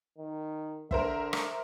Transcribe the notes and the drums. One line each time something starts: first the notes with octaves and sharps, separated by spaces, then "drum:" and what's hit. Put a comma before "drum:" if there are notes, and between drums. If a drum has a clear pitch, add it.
D#3
D3 A#4 C5 E5, drum: kick
drum: rim click